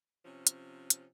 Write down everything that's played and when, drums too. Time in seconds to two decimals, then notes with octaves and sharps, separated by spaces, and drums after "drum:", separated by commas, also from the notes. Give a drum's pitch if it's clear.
0.25 C3 F3 C#4
0.47 drum: hi-hat
0.90 drum: hi-hat